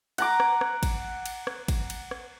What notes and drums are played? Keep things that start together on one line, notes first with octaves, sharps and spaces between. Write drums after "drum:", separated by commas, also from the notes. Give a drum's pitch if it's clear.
F#5 A#5 D6, drum: cymbal
drum: rim click
drum: rim click
drum: kick, cymbal
drum: cymbal
drum: rim click
drum: kick, cymbal
drum: cymbal
drum: rim click